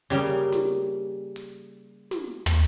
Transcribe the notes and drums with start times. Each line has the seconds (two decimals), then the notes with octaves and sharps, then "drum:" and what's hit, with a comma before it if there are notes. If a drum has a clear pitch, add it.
0.10 C#3 G3 A#3
0.52 drum: snare
1.36 drum: hi-hat
2.11 drum: snare
2.46 drum: tom